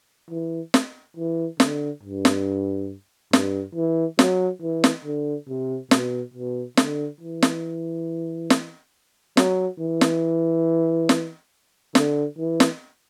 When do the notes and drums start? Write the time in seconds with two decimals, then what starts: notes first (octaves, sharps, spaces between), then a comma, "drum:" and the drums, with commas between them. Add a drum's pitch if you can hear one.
0.30 E3
0.74 drum: snare
1.17 E3
1.60 D3, drum: snare
2.03 G2
2.25 drum: snare
3.33 G2, drum: snare
3.75 E3
4.19 F#3, drum: snare
4.61 E3
4.84 drum: snare
5.05 D3
5.48 C3
5.91 B2, drum: snare
6.34 B2
6.77 D3, drum: snare
7.21 E3
7.42 drum: snare
8.50 drum: snare
9.37 F#3, drum: snare
9.80 E3
10.01 drum: snare
11.09 drum: snare
11.95 D3, drum: snare
12.38 E3
12.60 drum: snare